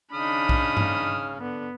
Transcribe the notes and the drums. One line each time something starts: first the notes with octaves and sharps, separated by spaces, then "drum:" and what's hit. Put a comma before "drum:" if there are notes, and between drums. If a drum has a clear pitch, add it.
C#3 D4 D#4 B5 D#6 F6
drum: kick A#1
drum: tom G2
D3 B3